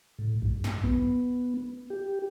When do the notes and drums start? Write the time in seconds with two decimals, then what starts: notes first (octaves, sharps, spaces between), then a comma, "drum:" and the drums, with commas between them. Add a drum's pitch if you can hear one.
0.19 A2
0.42 G2, drum: kick A#1
0.64 drum: snare
0.84 B3, drum: kick A#1
1.90 G4